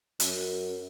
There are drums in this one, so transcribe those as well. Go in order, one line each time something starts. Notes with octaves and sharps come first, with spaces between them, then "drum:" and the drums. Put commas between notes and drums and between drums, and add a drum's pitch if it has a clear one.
F#2, drum: hi-hat